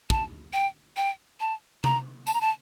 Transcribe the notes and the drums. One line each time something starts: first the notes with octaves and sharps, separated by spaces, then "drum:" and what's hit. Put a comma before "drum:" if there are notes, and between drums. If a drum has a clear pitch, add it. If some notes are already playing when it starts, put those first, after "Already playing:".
A5, drum: kick
G5
G5
A5
A#5, drum: tom C3
A5, drum: tambourine
A#5
A5